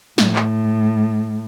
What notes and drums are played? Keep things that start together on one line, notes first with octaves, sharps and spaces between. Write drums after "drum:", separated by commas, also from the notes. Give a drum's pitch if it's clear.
A2, drum: snare
drum: clap